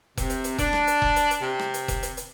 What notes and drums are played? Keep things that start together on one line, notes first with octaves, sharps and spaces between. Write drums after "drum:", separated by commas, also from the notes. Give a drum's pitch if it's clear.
C3, drum: kick F1, hi-hat
drum: hi-hat
drum: hi-hat
D4, drum: kick F1, hi-hat
drum: rim click
drum: hi-hat
drum: kick F1
drum: hi-hat
drum: hi-hat
C3
drum: rim click
drum: hi-hat
drum: kick F1, hi-hat
drum: hi-hat
drum: hi-hat